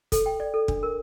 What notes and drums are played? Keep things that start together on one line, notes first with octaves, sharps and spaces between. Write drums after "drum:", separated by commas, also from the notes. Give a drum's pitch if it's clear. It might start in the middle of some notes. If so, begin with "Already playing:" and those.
A4, drum: kick, hi-hat
G5
D5
A4
D4, drum: kick
A#4